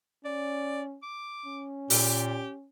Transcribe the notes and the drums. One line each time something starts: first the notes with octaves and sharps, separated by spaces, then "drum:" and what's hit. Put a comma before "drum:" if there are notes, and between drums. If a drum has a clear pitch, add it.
C#4 D5
D6
C#4
A#2 G4, drum: open hi-hat